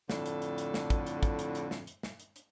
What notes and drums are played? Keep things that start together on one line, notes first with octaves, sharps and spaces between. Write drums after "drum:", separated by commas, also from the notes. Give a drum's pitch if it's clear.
F2 A2 D3, drum: snare
drum: hi-hat
drum: hi-hat
drum: hi-hat
drum: snare
drum: kick, hi-hat
drum: hi-hat
drum: kick, hi-hat
drum: hi-hat
drum: hi-hat
drum: snare
drum: hi-hat
drum: snare
drum: hi-hat
drum: hi-hat